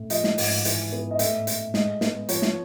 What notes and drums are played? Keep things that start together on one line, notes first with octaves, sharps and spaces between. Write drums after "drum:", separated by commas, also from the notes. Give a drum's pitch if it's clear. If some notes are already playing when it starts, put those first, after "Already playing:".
Already playing: A2
F3 D#5, drum: hi-hat
drum: snare
G#2, drum: open hi-hat
E3, drum: hi-hat
B3
D#5
A2 E5, drum: hi-hat
A2, drum: hi-hat
G#3 D#5, drum: snare
B3, drum: snare
F3 C#5, drum: hi-hat
drum: snare